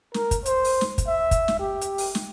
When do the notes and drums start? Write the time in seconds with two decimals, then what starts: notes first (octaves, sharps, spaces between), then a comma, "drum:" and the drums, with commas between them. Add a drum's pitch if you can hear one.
0.14 A#4, drum: snare
0.31 drum: kick, hi-hat
0.46 C5, drum: hi-hat
0.64 drum: open hi-hat
0.81 drum: snare
0.98 drum: kick, hi-hat
1.07 E5
1.31 drum: kick, hi-hat
1.48 drum: snare
1.59 G4
1.81 drum: hi-hat
1.98 drum: open hi-hat
2.15 drum: snare